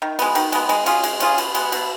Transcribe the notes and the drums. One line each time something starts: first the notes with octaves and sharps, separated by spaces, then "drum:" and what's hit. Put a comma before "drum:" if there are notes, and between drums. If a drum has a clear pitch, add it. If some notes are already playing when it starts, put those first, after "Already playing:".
D#3
G#3 B3, drum: cymbal
D#3, drum: cymbal
G#3 B3, drum: cymbal
G#3, drum: cymbal
C#4 F4 G#4, drum: cymbal
G#3, drum: cymbal
C#4 F4 G#4, drum: cymbal
B2, drum: cymbal
G#3 B3, drum: cymbal
B2, drum: cymbal